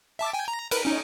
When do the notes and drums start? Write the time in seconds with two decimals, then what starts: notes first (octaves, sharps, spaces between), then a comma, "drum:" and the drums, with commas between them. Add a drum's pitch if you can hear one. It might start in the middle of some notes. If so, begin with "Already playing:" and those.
0.19 E5 A5 D6
0.33 G5 G#5
0.48 A#5
0.71 A#4 B4 B5, drum: cymbal
0.85 C#4 D#4